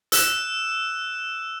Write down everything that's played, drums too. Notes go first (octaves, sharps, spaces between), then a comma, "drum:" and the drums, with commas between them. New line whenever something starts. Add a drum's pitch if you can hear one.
E6 F#6 E7, drum: hi-hat